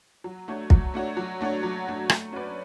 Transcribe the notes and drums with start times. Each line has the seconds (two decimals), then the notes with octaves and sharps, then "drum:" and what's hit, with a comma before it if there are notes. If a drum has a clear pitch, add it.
0.24 F#3
0.48 A3 D4 F#4 C#5
0.70 F#3, drum: kick
0.94 A3 D4 F#4 C#5
1.17 F#3
1.41 A3 D4 F#4 C#5
1.63 F#3
1.87 A3 D4 F#4 C#5
2.09 A3, drum: rim click
2.32 C#4 F#4 B4 D5